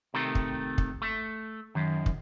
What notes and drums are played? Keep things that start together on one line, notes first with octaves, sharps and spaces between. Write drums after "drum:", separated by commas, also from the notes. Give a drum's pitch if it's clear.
C3 D#3 A3
drum: kick
drum: kick
A3
F#2 D#3
drum: kick